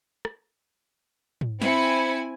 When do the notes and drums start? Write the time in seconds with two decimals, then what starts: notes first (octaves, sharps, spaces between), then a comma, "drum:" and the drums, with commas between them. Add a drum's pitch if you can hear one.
0.25 drum: rim click
1.41 drum: tom
1.62 C4 E4 G#5 B5 C#7, drum: snare